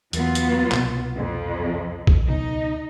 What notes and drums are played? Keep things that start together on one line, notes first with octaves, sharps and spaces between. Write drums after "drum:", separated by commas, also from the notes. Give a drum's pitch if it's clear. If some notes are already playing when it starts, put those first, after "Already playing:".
E2 F#3 B3 F4, drum: hi-hat
drum: hi-hat
C2 B2, drum: clap
F2
drum: kick A#1
C#2 B2 D#4